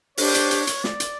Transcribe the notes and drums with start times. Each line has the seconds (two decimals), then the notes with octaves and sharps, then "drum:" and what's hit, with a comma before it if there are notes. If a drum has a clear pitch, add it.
0.17 D4 G4 C5 C#5, drum: open hi-hat
0.34 drum: hi-hat
0.51 drum: hi-hat
0.67 drum: hi-hat
0.84 D5, drum: snare
1.00 drum: hi-hat